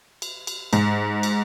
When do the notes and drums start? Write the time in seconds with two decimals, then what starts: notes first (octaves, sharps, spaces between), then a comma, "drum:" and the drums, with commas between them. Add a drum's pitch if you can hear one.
0.22 drum: cymbal
0.47 drum: cymbal
0.73 G#2, drum: cymbal
1.23 drum: cymbal